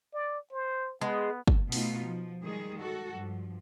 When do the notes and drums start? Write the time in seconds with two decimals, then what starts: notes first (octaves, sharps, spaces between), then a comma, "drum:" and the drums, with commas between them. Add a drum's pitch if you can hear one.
0.14 D5
0.53 C5
1.01 G#3 B3
1.47 drum: kick
1.72 B2 A3 B3 D#4 F4, drum: open hi-hat
2.05 F3
2.42 D#3 G3 G#3 G#4
2.80 F#4 A4
3.12 G2 F3